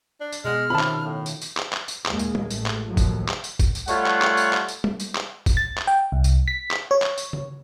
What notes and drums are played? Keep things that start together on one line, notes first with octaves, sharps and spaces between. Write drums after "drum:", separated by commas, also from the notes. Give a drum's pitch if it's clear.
D4
drum: tambourine
B2 G#3 F#5 F6
C3 D#3 C#4 F4 A5 B5
drum: clap
A2
drum: tambourine
drum: tambourine
drum: clap
drum: clap
drum: tambourine
D#2 A#2 G#3 A#3, drum: clap
drum: tambourine
drum: tom G3
A1 A3, drum: tambourine
drum: clap
D#2 A2 D#3 F3 F#3
drum: kick, tambourine
drum: clap
drum: tambourine
drum: kick, tambourine
drum: tambourine
G3 A3 F4 C#5 F#5, drum: tambourine
drum: clap
drum: clap
drum: tambourine
drum: clap
drum: tambourine
drum: tom G3
drum: tambourine
drum: clap
drum: kick, tambourine
A6
drum: clap
G5
C2
drum: tambourine
B6
drum: clap
C#5
drum: clap
drum: tambourine
drum: tom C#3